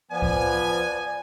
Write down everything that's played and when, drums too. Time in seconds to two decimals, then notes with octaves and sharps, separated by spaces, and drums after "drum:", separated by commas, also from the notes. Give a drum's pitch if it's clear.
0.11 F3 B3 D5 G#5
0.22 drum: kick C#2